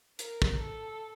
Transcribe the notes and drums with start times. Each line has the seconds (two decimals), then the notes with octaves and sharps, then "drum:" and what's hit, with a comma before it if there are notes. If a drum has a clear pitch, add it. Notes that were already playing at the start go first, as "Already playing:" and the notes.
0.19 A#4, drum: hi-hat
0.42 drum: kick
0.60 A4